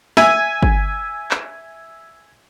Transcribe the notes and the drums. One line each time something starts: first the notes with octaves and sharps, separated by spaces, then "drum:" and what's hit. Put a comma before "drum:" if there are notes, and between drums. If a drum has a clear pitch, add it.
E5 G#5, drum: snare
drum: kick G1
drum: clap